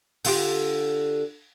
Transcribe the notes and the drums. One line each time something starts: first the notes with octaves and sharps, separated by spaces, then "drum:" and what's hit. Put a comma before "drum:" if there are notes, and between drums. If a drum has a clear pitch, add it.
D3 F4 G4, drum: open hi-hat